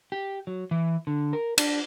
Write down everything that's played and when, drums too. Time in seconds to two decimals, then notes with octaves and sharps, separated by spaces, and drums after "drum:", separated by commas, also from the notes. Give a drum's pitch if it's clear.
0.12 G4
0.47 F#3
0.71 E3
1.07 D3
1.33 A#4
1.58 D4, drum: cymbal